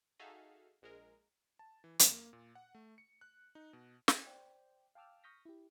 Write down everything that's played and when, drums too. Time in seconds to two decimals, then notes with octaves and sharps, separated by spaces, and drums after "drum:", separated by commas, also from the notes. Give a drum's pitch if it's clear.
0.19 D#4 F#4 G#4 A4 E5 F5
0.82 A#1 G#3 A#4
1.59 A5
1.84 E3
1.99 E2, drum: hi-hat
2.12 A#3
2.33 A#2
2.55 F#5
2.75 A3
2.98 C#7
3.21 F#6
3.55 D#4
3.73 B2
4.08 drum: snare
4.26 C5 D5 G5
4.95 F5 G5 A5 D6 E6 F6
5.24 C#6 D#6 F6 G6 A#6 B6
5.45 E4 G4